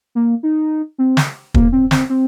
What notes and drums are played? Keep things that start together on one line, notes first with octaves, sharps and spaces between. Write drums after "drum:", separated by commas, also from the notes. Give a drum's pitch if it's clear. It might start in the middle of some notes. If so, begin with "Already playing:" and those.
A#3
D#4
C4
drum: snare
A#3, drum: kick
C4
C4, drum: snare
C4